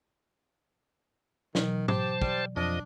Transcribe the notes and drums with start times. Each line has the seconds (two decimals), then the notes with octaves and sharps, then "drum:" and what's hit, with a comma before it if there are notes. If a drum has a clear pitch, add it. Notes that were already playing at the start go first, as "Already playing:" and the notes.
1.55 B2 D#3 E3 F#3, drum: snare
1.88 G4 C5 A5, drum: tom
2.22 G3 D5, drum: kick
2.56 F2 F3 D4 D#5